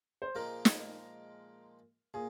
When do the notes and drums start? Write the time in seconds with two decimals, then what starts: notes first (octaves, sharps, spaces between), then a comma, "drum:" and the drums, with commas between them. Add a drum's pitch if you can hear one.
0.22 C5
0.35 A#2 F3 G#3 D#4 A#4
0.65 drum: snare
2.14 A#2 G#4